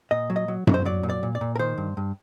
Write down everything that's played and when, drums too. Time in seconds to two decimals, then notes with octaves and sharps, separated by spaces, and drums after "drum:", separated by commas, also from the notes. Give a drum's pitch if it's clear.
0.11 A#2 D#5
0.30 F#3
0.36 D#5
0.48 F#3
0.67 F#3, drum: tom F#2
0.74 C5
0.85 F#3 D5
1.03 A#2
1.10 D5
1.23 A#2
1.35 D5
1.41 A#2
1.55 A#4
1.59 D#3 C5
1.78 G2
1.97 G2